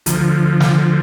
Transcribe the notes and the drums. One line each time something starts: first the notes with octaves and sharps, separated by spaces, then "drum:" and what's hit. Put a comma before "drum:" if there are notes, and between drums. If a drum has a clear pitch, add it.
D2 F3, drum: hi-hat
drum: snare